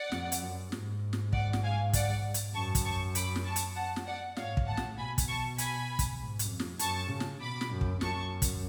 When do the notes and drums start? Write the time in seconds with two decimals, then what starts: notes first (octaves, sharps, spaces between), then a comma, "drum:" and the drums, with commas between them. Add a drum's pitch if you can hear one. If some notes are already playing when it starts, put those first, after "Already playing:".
Already playing: D5 F#5
0.12 F2, drum: snare
0.32 drum: hi-hat
0.42 F#2
0.72 G#2, drum: snare
1.13 drum: snare
1.33 D5 F#5, drum: kick
1.53 drum: snare
1.63 F5 G#5
1.93 D5 F#5, drum: kick, hi-hat
2.34 drum: hi-hat
2.54 F#2 A5 C#6
2.75 drum: kick, hi-hat
2.85 A5 C#6
3.15 B5 D6, drum: hi-hat
3.36 drum: snare
3.45 A5 C#6
3.56 drum: hi-hat
3.75 F#5 A5
3.96 drum: snare
4.06 D5 F#5
4.37 G#2 C#5 F5, drum: snare
4.57 drum: kick
4.67 A2 F#5 A5
4.77 drum: snare
4.97 B2 G#5 B5
5.18 drum: kick, hi-hat
5.28 A5 C#6
5.58 G#5 B5, drum: hi-hat
5.99 drum: kick, hi-hat
6.18 G#2
6.39 drum: hi-hat
6.49 F2
6.60 drum: snare
6.79 F#2 A5 C#6, drum: hi-hat
7.10 C#3
7.20 drum: snare
7.41 B2 B5 D6
7.61 drum: snare
7.71 F#2
7.81 drum: kick
8.01 F#2 A5 C#6, drum: snare
8.42 drum: kick, hi-hat